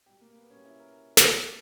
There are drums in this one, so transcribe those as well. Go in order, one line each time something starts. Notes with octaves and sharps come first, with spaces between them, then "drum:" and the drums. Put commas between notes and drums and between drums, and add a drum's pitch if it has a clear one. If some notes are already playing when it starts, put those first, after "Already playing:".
B2 G3 G4
A#3
B3
B2 G3 C#4
E4
A#4
drum: snare